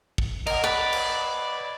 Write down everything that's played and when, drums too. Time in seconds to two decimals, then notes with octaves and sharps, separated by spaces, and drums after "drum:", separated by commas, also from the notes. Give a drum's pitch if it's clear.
0.18 drum: kick
0.47 A#4 D#5 F#5, drum: cymbal
0.64 B4 D5
0.93 drum: cymbal